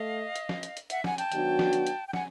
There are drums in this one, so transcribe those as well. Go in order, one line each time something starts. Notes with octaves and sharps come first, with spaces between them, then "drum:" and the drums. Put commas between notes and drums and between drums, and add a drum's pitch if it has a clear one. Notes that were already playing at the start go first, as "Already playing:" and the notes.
Already playing: A3 D#5 F5
drum: hi-hat
drum: snare
drum: hi-hat
drum: hi-hat
E5 F#5, drum: hi-hat
F#5 G#5, drum: snare
G5 A5, drum: hi-hat
D#3 F#3 B3 D4 F#4, drum: hi-hat
drum: snare
drum: hi-hat
drum: hi-hat
G5
F#5 G#5, drum: snare